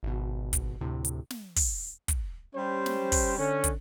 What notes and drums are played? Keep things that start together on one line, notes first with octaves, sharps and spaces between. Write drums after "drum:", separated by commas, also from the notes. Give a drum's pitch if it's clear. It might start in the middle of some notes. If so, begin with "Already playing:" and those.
G#1 B2
drum: kick, hi-hat
D2 A2 C3
drum: hi-hat
drum: snare
drum: kick, open hi-hat
drum: kick, hi-hat
G3 C#4 G4 C5
drum: snare
drum: kick, open hi-hat
D3 C#4
drum: kick, hi-hat